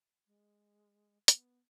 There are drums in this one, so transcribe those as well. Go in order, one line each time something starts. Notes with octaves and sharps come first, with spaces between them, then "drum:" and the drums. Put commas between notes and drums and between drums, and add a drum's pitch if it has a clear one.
G#3
C4, drum: hi-hat
B3